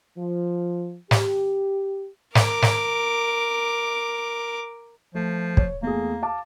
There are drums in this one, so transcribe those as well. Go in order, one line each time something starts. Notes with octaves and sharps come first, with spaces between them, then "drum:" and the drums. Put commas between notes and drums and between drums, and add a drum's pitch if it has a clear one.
F3
G4, drum: snare
A#4 D6, drum: snare
drum: snare
F3 A3
C#5, drum: kick
E2 A3 A#3 G#4
F5 A5 D6